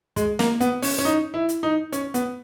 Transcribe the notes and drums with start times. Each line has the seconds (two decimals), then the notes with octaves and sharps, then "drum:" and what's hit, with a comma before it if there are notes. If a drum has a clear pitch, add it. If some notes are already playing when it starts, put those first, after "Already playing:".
0.16 G#3, drum: kick, hi-hat
0.39 A#3, drum: snare
0.60 B3, drum: hi-hat
0.82 C#4, drum: open hi-hat
0.98 C#4
1.05 D#4
1.34 E4
1.49 drum: hi-hat
1.63 D#4
1.92 C#4, drum: hi-hat
2.14 B3, drum: hi-hat